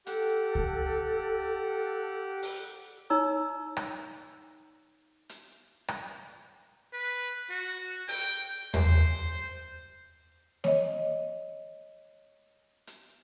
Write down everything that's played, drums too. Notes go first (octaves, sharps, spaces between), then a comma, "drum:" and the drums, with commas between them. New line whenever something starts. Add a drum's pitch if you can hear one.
G4 A4 F#5, drum: hi-hat
drum: kick C#2
drum: open hi-hat
D#4 C#5 A#5 E6
drum: rim click
drum: hi-hat
drum: rim click
B4
F#4
G5, drum: open hi-hat
C5, drum: tom E2
C#5 D#5, drum: snare A#3
drum: hi-hat